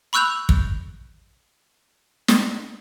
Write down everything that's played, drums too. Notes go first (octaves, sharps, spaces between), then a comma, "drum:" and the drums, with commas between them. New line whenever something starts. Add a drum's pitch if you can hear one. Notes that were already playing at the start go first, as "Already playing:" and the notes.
B5 C#6 E6 F#6 G6 F7
drum: kick
drum: snare